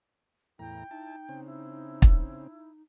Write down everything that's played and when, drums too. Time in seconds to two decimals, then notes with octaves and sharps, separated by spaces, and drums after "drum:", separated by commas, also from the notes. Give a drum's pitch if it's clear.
0.59 E2 A2 E4 G5 A#5
0.91 D#4 E4 A5
1.29 C#3 C4
1.46 E4
2.02 drum: kick